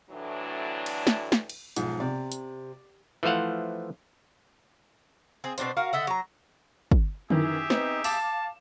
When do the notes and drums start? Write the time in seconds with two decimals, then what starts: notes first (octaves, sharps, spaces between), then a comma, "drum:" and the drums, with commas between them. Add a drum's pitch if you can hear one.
0.10 D2 A2 E3 F#3 D4
0.86 drum: cymbal
1.07 drum: snare
1.32 drum: snare
1.50 drum: cymbal
1.76 B1 G#2 F3, drum: hi-hat
2.00 C3 D5
2.32 drum: hi-hat
3.23 E3 F3 A3 C5 F5 F#5
5.44 C4 G#4
5.58 B2 C4 D4 C5, drum: hi-hat
5.77 F#4 A#4 F5
5.93 D3 D#5 E5 F#5
6.07 F#3 A#5
6.91 drum: kick
7.30 F#2 D#3 E3 G4 G#4 E5, drum: tom D3
7.70 B3 C4 D#4, drum: snare
8.04 F5 A5 D6 E7, drum: open hi-hat